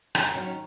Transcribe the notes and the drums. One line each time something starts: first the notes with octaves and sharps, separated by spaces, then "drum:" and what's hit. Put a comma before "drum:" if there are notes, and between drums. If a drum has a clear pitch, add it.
F#2 A#5, drum: rim click
D#3 F#3 C#4